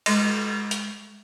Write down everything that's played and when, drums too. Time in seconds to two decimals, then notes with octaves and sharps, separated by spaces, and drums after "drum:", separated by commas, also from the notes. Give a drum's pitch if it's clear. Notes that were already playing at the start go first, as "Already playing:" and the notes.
0.06 G#3, drum: cymbal
0.71 drum: hi-hat